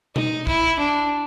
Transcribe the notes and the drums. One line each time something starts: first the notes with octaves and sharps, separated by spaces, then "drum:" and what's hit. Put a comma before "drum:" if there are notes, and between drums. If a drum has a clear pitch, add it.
D#4, drum: tom B2
E4, drum: kick
D4